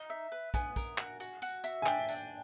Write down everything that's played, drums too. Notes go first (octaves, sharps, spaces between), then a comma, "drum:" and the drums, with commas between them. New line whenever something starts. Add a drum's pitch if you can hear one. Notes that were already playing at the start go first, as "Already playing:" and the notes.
Already playing: D#4
E5
B4
B3 G#5, drum: kick, tambourine
A#4, drum: kick, tambourine
F#4, drum: clap
F#4, drum: tambourine
F#4, drum: tambourine
E5, drum: tambourine
G#5
D4 G5, drum: clap
D4, drum: tambourine